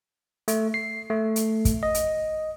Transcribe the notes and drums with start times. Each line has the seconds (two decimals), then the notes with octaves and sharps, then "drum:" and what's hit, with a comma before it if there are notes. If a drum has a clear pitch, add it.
0.48 A3, drum: hi-hat
0.74 C7
1.10 A3
1.36 drum: hi-hat
1.65 drum: kick, hi-hat
1.83 D#5
1.94 drum: hi-hat